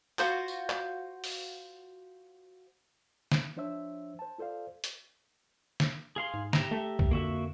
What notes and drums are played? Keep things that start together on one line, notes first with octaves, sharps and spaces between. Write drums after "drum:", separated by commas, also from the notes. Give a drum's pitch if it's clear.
F4 F#4 C5, drum: clap
drum: tambourine
drum: clap
drum: open hi-hat
drum: snare
F3 D4 C5 C#5 E5 E6
C5 A5
F4 A4 C5 D5 F5
drum: hi-hat
drum: snare
G#4 F5 C6
G#2
G4 E5 A#5, drum: snare
A3
drum: kick
F2 D3 A#3 F#4 E5